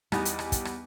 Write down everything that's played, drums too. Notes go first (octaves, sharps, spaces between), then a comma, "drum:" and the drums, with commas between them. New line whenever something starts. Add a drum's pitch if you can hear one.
E2 G3 B3 D#4 G#5, drum: rim click
drum: hi-hat
drum: rim click
drum: kick, hi-hat
drum: rim click